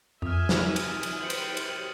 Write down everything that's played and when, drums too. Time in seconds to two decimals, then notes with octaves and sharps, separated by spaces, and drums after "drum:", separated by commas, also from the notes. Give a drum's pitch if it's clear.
0.22 F2 E5 G#5 D#6 F6
0.49 drum: snare
0.76 drum: cymbal
1.03 drum: cymbal
1.21 B4 C5 G5 C#7 F#7
1.30 drum: cymbal
1.57 drum: cymbal